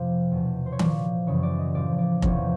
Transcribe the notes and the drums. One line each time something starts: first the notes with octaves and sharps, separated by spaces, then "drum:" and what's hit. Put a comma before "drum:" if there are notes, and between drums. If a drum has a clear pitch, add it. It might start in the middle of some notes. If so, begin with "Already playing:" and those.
Already playing: F2 C3 F3
E2 B2
C5
C#5
A#2 F3 D5, drum: tom D#3
F#2 C#3 E3 C#5
D5
D#5
A2 F3 D5
D5
E2 C3 F3 C#5, drum: kick F1